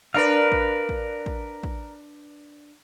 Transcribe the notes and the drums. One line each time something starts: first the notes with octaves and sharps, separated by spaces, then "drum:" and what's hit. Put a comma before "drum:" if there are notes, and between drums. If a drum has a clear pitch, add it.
D4 A#4 B4 F5
drum: kick
drum: kick
drum: kick
drum: kick